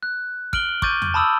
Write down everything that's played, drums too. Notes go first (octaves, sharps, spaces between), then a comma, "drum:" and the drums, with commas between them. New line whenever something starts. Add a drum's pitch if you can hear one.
F#6
F6 D7 F#7 G7, drum: kick
C#6 D6 G6 A6 D#7, drum: kick
drum: tom E2
A5 B5 D#6 E6